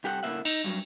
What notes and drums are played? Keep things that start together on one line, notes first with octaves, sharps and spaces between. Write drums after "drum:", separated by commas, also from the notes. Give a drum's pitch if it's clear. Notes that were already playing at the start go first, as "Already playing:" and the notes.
C2 G4 A4 F#5
A2 C#3 F#3 A#3 E5 F#5
D#4, drum: cymbal
G2 F#3